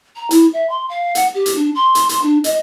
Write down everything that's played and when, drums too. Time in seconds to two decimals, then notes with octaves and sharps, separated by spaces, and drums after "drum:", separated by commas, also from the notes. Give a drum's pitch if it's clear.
0.16 A#5
0.31 E4, drum: hi-hat
0.53 E5
0.70 C6
0.89 F5
1.15 F#5, drum: hi-hat
1.35 G4
1.46 drum: hi-hat
1.55 D4
1.75 C6
1.95 drum: hi-hat
2.09 C6, drum: hi-hat
2.22 D4
2.44 D#5, drum: hi-hat